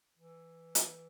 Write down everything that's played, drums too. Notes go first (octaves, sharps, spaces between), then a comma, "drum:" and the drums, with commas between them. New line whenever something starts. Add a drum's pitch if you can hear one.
E3
drum: hi-hat